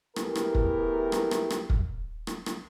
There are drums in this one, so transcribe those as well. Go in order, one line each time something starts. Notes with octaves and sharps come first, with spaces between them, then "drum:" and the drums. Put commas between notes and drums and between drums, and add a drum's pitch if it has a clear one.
A3 B3 E4 G4 G#4 A#4, drum: rim click
drum: rim click
drum: kick
drum: rim click
drum: rim click
drum: rim click
drum: kick
drum: rim click
drum: rim click